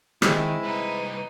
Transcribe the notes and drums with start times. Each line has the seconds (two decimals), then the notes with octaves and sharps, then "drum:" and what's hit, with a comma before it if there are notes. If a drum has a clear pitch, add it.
0.22 D#3 G#3 C4 E4, drum: rim click
0.63 C2 D#4 B4